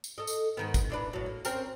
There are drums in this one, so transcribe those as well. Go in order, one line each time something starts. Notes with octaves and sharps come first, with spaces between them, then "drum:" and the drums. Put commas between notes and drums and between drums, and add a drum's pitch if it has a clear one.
drum: tambourine
A4 D#5
drum: tambourine
G#2 D#3 B3
drum: kick, tambourine
E3 D4 B4
A2 F#3
A#3
C4 C#4 A#4, drum: tambourine